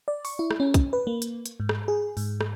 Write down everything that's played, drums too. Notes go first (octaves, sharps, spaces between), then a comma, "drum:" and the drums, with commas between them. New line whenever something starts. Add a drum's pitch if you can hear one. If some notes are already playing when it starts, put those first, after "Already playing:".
D5
C#6, drum: open hi-hat
E4
drum: rim click
C#4
drum: kick, hi-hat
B4
A#3
drum: hi-hat
drum: hi-hat
G#2
drum: rim click
G#4
G#2, drum: open hi-hat
drum: rim click